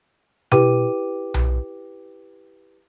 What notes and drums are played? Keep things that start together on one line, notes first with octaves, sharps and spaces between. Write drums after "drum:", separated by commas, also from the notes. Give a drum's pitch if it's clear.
E4 G4 B4 G5 D6 D#7, drum: tom B2
drum: tom B1